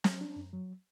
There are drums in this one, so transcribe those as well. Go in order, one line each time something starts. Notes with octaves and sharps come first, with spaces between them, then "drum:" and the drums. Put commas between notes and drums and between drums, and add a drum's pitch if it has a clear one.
F#3, drum: snare
D4
F#2
F#3